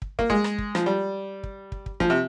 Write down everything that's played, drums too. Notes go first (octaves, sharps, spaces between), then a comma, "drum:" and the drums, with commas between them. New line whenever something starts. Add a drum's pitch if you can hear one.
drum: kick
A#3, drum: kick
G#3, drum: kick
drum: rim click
drum: kick
F3, drum: rim click
G3
drum: kick
drum: kick
drum: kick
F3, drum: kick
C3